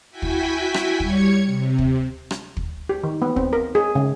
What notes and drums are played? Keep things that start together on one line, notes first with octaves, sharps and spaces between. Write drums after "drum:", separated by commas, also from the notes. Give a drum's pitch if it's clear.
E4 F#4 G5 G#5 B6
drum: kick
drum: rim click
G3 C#5 G#6 C#7, drum: kick
C3
drum: kick
drum: rim click
drum: kick
G4
D#3
B3
C4, drum: kick
A#4
G#4
C#3